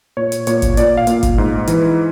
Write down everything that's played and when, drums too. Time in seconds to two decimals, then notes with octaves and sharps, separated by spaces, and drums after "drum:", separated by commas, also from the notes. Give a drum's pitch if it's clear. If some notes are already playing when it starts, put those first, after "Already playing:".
0.17 A#2 C#5
0.32 drum: hi-hat
0.47 A#2 C#5, drum: hi-hat
0.62 drum: kick G#1, hi-hat
0.77 A#2 D5, drum: hi-hat
0.97 F5
1.07 A#2, drum: hi-hat
1.23 drum: kick G#1, hi-hat
1.38 G#2
1.68 E3, drum: hi-hat